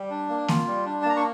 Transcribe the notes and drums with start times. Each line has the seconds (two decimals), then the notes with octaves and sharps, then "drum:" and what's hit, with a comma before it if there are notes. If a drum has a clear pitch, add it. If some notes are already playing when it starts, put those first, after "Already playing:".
Already playing: G3
0.10 D4
0.29 A#3
0.48 F4, drum: snare A#3
0.67 G3
0.86 D4
1.02 A5
1.05 A#3 A#5
1.16 C#6